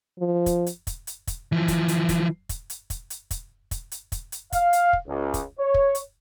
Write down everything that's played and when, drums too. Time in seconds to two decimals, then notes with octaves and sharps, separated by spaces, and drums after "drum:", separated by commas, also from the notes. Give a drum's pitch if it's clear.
0.19 F3
0.46 drum: kick, hi-hat
0.66 drum: hi-hat
0.87 drum: kick, hi-hat
1.07 drum: hi-hat
1.27 drum: kick, hi-hat
1.52 E3 F3
1.68 drum: kick, hi-hat
1.88 drum: hi-hat
2.09 drum: kick, hi-hat
2.49 drum: kick, hi-hat
2.70 drum: hi-hat
2.90 drum: kick, hi-hat
3.10 drum: hi-hat
3.31 drum: kick, hi-hat
3.71 drum: kick, hi-hat
3.92 drum: hi-hat
4.12 drum: kick, hi-hat
4.32 drum: hi-hat
4.52 F5, drum: kick, hi-hat
4.73 drum: hi-hat
4.93 drum: kick
5.08 C#2
5.34 drum: kick, hi-hat
5.59 C#5
5.74 drum: kick
5.95 drum: hi-hat